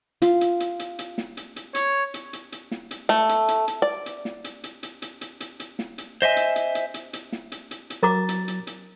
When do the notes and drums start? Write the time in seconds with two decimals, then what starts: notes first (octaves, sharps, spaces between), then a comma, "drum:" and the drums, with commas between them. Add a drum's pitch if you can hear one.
0.22 F4, drum: hi-hat
0.41 drum: hi-hat
0.60 drum: hi-hat
0.79 drum: hi-hat
0.99 drum: hi-hat
1.18 drum: snare
1.37 drum: hi-hat
1.56 drum: hi-hat
1.74 C#5, drum: hi-hat
2.14 drum: hi-hat
2.33 drum: hi-hat
2.52 drum: hi-hat
2.71 drum: snare
2.91 drum: hi-hat
3.09 A3, drum: hi-hat
3.29 drum: hi-hat
3.48 drum: hi-hat
3.68 drum: hi-hat
3.82 D5
4.06 drum: hi-hat
4.25 drum: snare
4.44 drum: hi-hat
4.64 drum: hi-hat
4.83 drum: hi-hat
5.02 drum: hi-hat
5.21 drum: hi-hat
5.40 drum: hi-hat
5.60 drum: hi-hat
5.79 drum: snare
5.98 drum: hi-hat
6.22 C5 D#5 E5 G#5
6.36 drum: hi-hat
6.56 drum: hi-hat
6.75 drum: hi-hat
6.94 drum: hi-hat
7.13 drum: hi-hat
7.32 drum: snare
7.52 drum: hi-hat
7.71 drum: hi-hat
7.90 drum: hi-hat
8.03 F#3 A#4 A#5 D6 A6
8.28 drum: hi-hat
8.48 drum: hi-hat
8.67 drum: hi-hat